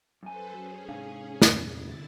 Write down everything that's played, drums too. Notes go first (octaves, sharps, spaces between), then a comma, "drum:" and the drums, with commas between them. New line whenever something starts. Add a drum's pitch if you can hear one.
F#2 A4 B4 C5 G#5
F#3 C#4 G#4
G#2 C3 D4 F5 G#5
E2 A#2, drum: snare
G1 D3 E4 A6